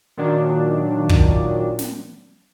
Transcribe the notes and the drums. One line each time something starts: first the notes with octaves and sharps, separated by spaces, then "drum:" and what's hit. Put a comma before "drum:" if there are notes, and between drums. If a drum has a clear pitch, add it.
A#2 D#3 F#3 D4
drum: kick
drum: snare